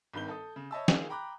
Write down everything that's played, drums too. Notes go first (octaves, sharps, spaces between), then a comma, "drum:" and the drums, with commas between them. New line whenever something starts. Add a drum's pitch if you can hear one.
G#1 G2 D#3 G6 G7
A4 D#6
C#3
C#5 D#5 E5 A5 B5 E6
D#3 A#3 F4 G#4, drum: snare
G5 A#5 B5 D6 F#6